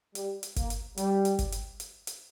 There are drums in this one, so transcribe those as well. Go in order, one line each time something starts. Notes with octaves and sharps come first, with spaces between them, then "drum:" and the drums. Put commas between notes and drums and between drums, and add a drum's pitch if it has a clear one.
G3, drum: hi-hat
drum: hi-hat
A#3, drum: kick G1, hi-hat
drum: hi-hat
G3, drum: hi-hat
drum: hi-hat
drum: kick G1, hi-hat
drum: hi-hat
drum: hi-hat
drum: hi-hat